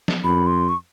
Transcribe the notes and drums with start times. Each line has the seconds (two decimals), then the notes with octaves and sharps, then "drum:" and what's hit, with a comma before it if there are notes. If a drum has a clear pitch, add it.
0.08 drum: snare
0.24 F2 B5
0.46 C6
0.69 C#6